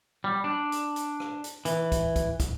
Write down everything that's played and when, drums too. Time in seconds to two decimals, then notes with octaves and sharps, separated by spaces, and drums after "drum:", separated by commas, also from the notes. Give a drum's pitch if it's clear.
0.24 G3
0.44 D4
0.72 drum: hi-hat
0.96 drum: hi-hat
1.20 drum: rim click
1.44 drum: hi-hat
1.65 E3, drum: hi-hat
1.92 drum: kick, hi-hat
2.16 drum: kick, hi-hat
2.40 drum: kick, hi-hat